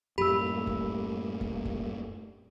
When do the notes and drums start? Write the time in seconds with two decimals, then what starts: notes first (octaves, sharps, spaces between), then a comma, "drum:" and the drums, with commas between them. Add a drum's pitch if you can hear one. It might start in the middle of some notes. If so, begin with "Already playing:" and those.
0.18 F#2 A2 G3 A3 A#3 G4 B5 E6
0.67 drum: kick F#1
1.41 drum: kick F#1
1.65 drum: kick F#1